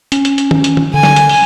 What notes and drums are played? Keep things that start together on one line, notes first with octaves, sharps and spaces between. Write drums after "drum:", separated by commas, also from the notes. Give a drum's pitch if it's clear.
C#4, drum: hi-hat
drum: hi-hat
drum: hi-hat
drum: tom
drum: hi-hat
drum: tom
D3 G#5
drum: snare
drum: hi-hat
drum: open hi-hat